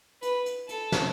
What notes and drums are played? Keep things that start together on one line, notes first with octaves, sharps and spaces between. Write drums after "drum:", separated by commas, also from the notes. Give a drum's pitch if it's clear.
B4, drum: hi-hat
drum: hi-hat
A4, drum: hi-hat
drum: snare